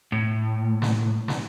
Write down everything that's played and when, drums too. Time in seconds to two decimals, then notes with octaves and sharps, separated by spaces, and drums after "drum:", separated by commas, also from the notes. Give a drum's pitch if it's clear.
0.12 A2
0.82 drum: snare
1.28 drum: snare